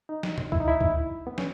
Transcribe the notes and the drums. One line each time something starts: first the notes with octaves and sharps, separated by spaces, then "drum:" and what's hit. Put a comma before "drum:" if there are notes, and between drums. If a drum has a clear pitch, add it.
D#4
drum: snare
drum: tom B2
E4, drum: kick D2
D#4
E4
drum: kick D2
B3
C#4, drum: snare